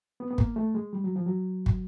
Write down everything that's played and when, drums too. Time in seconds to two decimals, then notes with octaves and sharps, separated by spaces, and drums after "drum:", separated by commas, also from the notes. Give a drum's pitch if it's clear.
0.20 B3
0.31 B3
0.38 A#3, drum: kick
0.56 A3
0.75 G#3
0.93 G3
1.04 F#3
1.16 F3
1.26 F#3
1.66 drum: kick